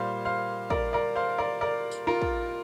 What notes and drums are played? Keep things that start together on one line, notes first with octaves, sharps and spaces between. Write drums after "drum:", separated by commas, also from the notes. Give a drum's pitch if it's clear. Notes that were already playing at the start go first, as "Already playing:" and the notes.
Already playing: A#2 G3 C5 F5
C5 F5
A#4 D5, drum: kick
A#4 D5
C5 F5
A#4 D5
A#4 D5
drum: tambourine
F4 A#4
drum: kick